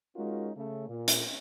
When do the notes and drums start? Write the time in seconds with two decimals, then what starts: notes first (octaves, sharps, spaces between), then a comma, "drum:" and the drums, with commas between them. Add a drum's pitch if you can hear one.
0.16 G#3 C#4 D#4 F4 F#4 A#4
0.55 C#3 A3
0.88 A#2
1.08 drum: hi-hat